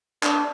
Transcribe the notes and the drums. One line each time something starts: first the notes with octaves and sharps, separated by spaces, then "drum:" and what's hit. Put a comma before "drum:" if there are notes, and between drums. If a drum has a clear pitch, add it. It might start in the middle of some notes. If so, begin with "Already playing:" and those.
D4, drum: clap